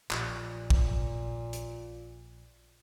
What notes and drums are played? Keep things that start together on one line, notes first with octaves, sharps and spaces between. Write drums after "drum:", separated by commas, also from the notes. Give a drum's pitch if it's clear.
A#1 A#2, drum: clap
drum: kick
drum: hi-hat